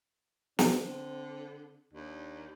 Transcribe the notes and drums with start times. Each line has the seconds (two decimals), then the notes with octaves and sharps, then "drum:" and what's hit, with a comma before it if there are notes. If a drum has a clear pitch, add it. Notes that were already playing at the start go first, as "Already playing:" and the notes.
0.59 D3 C4, drum: snare
1.93 D#2 D4